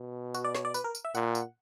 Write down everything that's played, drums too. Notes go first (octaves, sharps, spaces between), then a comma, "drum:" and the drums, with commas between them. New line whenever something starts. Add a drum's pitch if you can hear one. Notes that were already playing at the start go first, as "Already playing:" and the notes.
Already playing: B2
F#4, drum: tambourine
D5
C#5, drum: snare
D5
B4, drum: tambourine
A#4
drum: tambourine
E5
A#2 F#5, drum: tambourine
drum: tambourine